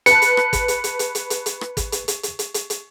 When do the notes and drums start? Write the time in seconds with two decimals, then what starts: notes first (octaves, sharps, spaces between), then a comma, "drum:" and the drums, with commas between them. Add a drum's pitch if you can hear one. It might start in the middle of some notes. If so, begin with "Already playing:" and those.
0.06 B4 A5 C#7, drum: hi-hat
0.22 drum: hi-hat
0.37 drum: rim click
0.53 drum: kick, hi-hat
0.68 drum: hi-hat
0.84 drum: hi-hat
0.99 drum: hi-hat
1.15 drum: hi-hat
1.30 drum: hi-hat
1.46 drum: hi-hat
1.61 drum: rim click
1.77 drum: kick, hi-hat
1.92 drum: hi-hat
2.08 drum: hi-hat
2.23 drum: hi-hat
2.39 drum: hi-hat
2.54 drum: hi-hat
2.70 drum: hi-hat